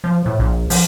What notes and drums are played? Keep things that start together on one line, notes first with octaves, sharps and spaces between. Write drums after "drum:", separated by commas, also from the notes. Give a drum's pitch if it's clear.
F3
A2
A#1
F3, drum: open hi-hat